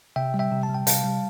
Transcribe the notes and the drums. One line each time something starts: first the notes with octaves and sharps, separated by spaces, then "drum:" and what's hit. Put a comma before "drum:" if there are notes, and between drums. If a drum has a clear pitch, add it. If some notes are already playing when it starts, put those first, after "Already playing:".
C3 E5 G5
G3
E5 G5
C3
A5
G3
G5
C3 F5 A5, drum: hi-hat
G3